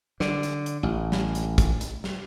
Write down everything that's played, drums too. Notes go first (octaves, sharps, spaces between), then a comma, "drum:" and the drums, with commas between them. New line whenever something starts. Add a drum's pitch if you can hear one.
D3, drum: snare
drum: hi-hat
drum: hi-hat
A1
drum: snare
drum: hi-hat
drum: kick, hi-hat
drum: hi-hat
drum: snare